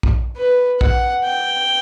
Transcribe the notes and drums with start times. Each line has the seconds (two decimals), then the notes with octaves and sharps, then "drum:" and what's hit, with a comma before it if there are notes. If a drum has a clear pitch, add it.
0.03 drum: kick
0.37 B4
0.81 F#5, drum: kick
1.24 G5